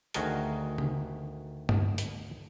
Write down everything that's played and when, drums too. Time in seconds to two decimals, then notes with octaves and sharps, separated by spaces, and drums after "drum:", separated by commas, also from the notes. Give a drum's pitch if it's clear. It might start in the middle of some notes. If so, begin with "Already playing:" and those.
0.14 D2 D#3 F#4 G#4 A#4 A5, drum: hi-hat
0.78 drum: tom
1.69 drum: tom G2
1.98 drum: hi-hat